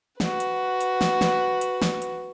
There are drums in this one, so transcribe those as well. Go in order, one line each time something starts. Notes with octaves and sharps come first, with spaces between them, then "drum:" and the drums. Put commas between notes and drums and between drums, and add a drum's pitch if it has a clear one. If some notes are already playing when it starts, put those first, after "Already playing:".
F#4 B4, drum: snare
drum: hi-hat
drum: hi-hat
drum: snare
drum: snare
drum: hi-hat
drum: snare
drum: hi-hat